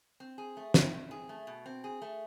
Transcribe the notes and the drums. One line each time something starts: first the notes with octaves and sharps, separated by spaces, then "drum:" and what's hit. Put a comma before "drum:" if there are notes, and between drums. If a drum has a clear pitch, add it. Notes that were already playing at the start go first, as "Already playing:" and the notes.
C4
G#4
A3
B2, drum: snare
C4
G#4
A3
B2
C4
G#4
A3